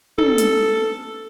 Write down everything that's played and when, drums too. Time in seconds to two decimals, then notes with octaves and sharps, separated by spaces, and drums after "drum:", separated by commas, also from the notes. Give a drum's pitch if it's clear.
0.18 A4, drum: tom
0.38 drum: hi-hat